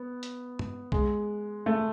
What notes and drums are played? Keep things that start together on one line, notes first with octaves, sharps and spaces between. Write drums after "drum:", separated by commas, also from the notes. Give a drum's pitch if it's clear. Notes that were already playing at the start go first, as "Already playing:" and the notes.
Already playing: B3
drum: hi-hat
drum: tom G2
G#3, drum: kick B1
A3